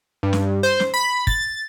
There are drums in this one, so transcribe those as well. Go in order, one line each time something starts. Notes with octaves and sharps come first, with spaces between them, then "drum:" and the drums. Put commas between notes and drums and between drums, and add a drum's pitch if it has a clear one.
G2
drum: snare
C5
drum: snare
B5
A6, drum: kick